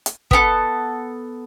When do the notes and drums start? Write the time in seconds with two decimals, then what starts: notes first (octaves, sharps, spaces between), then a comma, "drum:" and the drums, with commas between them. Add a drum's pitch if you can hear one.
0.06 drum: hi-hat
0.31 B3 F#4 A4, drum: kick